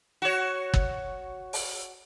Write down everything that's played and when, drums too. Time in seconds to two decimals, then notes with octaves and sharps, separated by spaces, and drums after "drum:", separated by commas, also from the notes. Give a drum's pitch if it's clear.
0.22 F#4 C#5
0.74 drum: kick G1
1.53 drum: open hi-hat